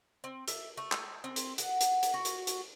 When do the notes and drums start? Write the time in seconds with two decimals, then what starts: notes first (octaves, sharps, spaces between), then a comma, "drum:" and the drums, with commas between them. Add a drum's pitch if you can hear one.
0.24 C4
0.48 E5, drum: hi-hat
0.77 A3
0.92 drum: clap
1.24 C4
1.36 drum: hi-hat
1.58 F#5, drum: hi-hat
1.81 drum: hi-hat
2.03 drum: hi-hat
2.14 F#4
2.25 drum: hi-hat
2.47 drum: hi-hat